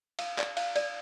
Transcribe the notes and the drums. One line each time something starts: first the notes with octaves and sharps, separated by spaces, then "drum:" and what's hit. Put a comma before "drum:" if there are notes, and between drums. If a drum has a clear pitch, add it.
F5, drum: cymbal
D5, drum: clap
F5, drum: cymbal
D5, drum: cymbal